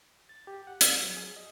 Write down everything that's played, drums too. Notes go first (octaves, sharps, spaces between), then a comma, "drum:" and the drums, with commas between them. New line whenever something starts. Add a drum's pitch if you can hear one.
A6
G4
F#5
F5, drum: hi-hat
F#3
G#4
D#5